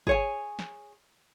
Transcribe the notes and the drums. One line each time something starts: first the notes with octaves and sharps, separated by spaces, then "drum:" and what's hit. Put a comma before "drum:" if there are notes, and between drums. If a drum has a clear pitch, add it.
G#4 C#5 G#5, drum: kick
drum: snare